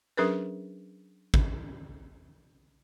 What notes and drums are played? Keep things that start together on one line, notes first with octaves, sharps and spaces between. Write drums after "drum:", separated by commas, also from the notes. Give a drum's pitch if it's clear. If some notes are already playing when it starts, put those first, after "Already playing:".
F#3 C#4 D4 G#4 A#4 B4
drum: kick G#1